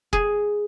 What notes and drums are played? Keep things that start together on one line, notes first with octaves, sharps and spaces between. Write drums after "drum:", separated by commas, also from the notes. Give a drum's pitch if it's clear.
G#4, drum: kick F1